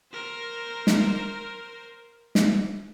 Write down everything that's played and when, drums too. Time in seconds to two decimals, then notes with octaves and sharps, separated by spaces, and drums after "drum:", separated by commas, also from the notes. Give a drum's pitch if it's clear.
0.13 A#4 C5
0.87 drum: snare
2.35 drum: snare